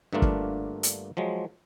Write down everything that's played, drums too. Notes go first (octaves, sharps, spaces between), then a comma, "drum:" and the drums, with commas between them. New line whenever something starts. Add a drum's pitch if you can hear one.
G2 D3 A3 A#3 D4 F4
drum: kick
drum: hi-hat
F3 F#3 G#3